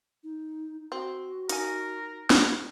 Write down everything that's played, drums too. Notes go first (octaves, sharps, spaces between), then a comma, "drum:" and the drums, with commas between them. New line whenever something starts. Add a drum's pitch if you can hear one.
D#4
C4 F#4
D#4 A#4 G#5, drum: hi-hat
drum: snare